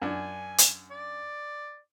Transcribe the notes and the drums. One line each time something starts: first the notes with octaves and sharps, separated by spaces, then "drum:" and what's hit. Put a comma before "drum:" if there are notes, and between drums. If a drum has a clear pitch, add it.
F#2 D4 G#5
drum: hi-hat
D5